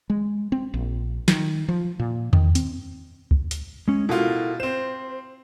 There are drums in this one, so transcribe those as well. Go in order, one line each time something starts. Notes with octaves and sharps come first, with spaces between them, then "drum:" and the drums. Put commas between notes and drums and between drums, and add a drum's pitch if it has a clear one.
G#3
C4
A#1
D#3, drum: snare
F3
A#2
D#3, drum: tom E2
C4, drum: hi-hat
drum: kick
drum: hi-hat
G#3 C#4
B2 E4 F4 A4 A#4
C4 C5 E7